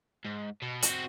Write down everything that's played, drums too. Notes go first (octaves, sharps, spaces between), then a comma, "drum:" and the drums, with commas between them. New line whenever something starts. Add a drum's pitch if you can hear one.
G#2
B2
C4 F#4, drum: hi-hat